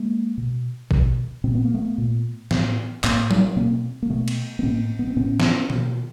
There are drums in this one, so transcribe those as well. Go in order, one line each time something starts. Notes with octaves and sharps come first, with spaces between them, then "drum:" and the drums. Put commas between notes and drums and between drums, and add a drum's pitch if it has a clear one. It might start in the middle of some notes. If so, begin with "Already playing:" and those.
Already playing: G#3 A#3
B2
B2, drum: kick
A#2 C4
B3
A#3
A3 B3
A#2
A2, drum: snare
A2 A#3 C4, drum: clap
drum: tom F#3
B2 A#3 C4
A#3
B2 A3 B3
drum: cymbal
B3
A2 A#3 C4
B3
C4
A2 B3 C#4
drum: snare
B2, drum: tom